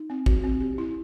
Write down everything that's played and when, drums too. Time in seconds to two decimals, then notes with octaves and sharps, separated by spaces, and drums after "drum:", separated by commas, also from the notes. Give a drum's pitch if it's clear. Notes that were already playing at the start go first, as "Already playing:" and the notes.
Already playing: D#4
0.10 C4
0.26 F#4, drum: kick
0.44 C4
0.60 G4
0.78 E4